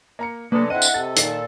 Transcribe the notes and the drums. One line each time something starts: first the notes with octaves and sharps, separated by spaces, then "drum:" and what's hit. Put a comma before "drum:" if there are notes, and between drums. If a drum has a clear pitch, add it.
A#3 A#5 C#7
C3 F#3 G#3 A#3 D4 A4 B4
D3 C4 E4 D#5 F#5 D#7
drum: tambourine
C3 A4 A6
A#2 D#3 A4 C7, drum: hi-hat